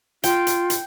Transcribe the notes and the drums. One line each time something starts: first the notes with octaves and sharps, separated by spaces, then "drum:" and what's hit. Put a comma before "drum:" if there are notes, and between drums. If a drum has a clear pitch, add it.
F4 G5, drum: hi-hat
drum: hi-hat
drum: hi-hat